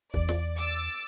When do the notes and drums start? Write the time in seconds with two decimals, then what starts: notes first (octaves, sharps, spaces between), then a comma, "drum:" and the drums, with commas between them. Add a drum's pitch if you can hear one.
0.14 E2 D5, drum: kick
0.29 drum: snare
0.58 D6 E6 A6, drum: hi-hat